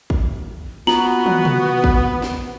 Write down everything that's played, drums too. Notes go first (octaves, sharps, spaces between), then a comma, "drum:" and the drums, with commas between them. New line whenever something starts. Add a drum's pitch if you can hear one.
drum: kick
B3 F4 F#4 A#5 F#7, drum: snare
drum: tom
drum: tom
drum: kick
drum: snare